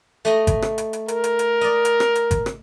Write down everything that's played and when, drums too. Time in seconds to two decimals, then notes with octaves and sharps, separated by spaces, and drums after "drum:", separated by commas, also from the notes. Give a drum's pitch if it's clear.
0.25 A3 D#5 A#5
0.47 drum: kick G#1, hi-hat
0.62 drum: rim click
0.78 drum: hi-hat
0.93 drum: hi-hat
1.08 A#4, drum: hi-hat
1.24 drum: hi-hat
1.39 drum: hi-hat
1.61 D5 D#5
1.85 drum: hi-hat
2.00 drum: rim click
2.15 drum: hi-hat
2.31 drum: kick G#1, hi-hat
2.46 drum: rim click